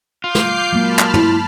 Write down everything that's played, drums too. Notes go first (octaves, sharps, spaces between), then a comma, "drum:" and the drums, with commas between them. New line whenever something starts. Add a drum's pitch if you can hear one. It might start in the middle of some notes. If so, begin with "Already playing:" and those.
F4 D6 G6 C7
drum: snare
F#3 G#3 A#3 A5 B5 F6
drum: clap
E4, drum: tom